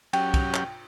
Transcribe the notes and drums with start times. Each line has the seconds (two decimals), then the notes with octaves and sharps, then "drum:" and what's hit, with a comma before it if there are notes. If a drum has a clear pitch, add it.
0.13 F#3 C#4 G4 G5, drum: cymbal
0.34 drum: kick, cymbal
0.54 drum: clap